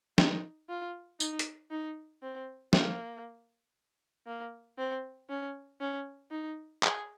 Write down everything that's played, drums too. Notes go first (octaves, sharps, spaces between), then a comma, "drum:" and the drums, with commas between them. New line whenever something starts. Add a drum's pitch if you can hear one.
D#4, drum: snare
F4
D#4, drum: tambourine
drum: hi-hat
D#4
C4
A#3, drum: snare
A#3
C4
C#4
C#4
D#4
G#4, drum: clap